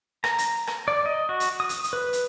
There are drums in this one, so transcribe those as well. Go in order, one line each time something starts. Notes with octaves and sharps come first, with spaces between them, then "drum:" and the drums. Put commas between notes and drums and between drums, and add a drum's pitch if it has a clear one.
A#5, drum: rim click
drum: hi-hat
drum: rim click
D5
D#5
F#4
drum: hi-hat
D#6
drum: hi-hat
drum: hi-hat
B4
drum: hi-hat